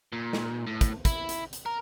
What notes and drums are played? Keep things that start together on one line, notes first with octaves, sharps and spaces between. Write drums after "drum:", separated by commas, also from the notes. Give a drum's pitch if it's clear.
A#2
drum: snare
A2
drum: kick, hi-hat
E4, drum: kick, hi-hat
drum: hi-hat
drum: hi-hat
A#4